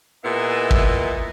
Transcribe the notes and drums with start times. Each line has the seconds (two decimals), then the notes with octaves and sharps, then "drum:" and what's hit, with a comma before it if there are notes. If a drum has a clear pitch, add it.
0.25 A#2 B3 E4 G#4 D#5 E5
0.71 drum: kick